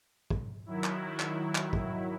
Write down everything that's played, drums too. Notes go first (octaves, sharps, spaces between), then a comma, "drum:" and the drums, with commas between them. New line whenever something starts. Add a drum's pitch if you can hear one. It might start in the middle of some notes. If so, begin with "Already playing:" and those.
drum: kick
D#3 F#3 E4
drum: clap
drum: clap
drum: clap
drum: kick